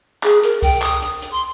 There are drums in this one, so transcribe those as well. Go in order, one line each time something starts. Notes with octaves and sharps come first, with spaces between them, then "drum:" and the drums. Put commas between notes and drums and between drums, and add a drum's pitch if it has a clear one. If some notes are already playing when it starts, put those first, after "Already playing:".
G#4, drum: clap
A#4, drum: hi-hat
G5, drum: kick C2, open hi-hat
D#6, drum: clap
drum: hi-hat
drum: hi-hat
C6